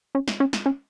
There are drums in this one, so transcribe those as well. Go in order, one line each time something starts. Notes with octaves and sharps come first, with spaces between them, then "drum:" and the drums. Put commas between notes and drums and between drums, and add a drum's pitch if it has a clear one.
C#4
drum: snare
C#4
drum: snare
C#4